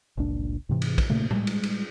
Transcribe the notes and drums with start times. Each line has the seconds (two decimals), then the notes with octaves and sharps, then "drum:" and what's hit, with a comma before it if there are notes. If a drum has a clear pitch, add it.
0.17 G1 C#2 A#2 D4
0.69 G#2 C3 E3
0.82 drum: cymbal
0.98 drum: kick, cymbal
1.09 A#2 C#3 A3 A#3
1.31 G3 G#3, drum: tom A2
1.47 drum: cymbal
1.63 drum: cymbal